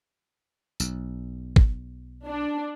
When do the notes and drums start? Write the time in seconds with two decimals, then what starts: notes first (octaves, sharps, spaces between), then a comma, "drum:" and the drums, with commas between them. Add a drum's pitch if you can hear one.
0.80 B1, drum: tambourine
1.56 drum: kick
2.26 D4